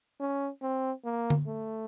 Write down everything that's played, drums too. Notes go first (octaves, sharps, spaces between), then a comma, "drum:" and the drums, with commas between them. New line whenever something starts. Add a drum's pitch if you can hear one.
C#4
C4
A#3
drum: tom D3
A3